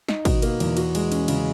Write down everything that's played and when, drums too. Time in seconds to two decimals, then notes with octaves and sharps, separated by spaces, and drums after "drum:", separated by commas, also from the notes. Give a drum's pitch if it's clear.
0.09 D#4, drum: snare
0.25 B2, drum: kick, cymbal
0.42 A#3, drum: cymbal
0.60 E2, drum: cymbal
0.77 F#4, drum: cymbal
0.95 G#3, drum: cymbal
1.12 C#4, drum: cymbal
1.28 C#3, drum: cymbal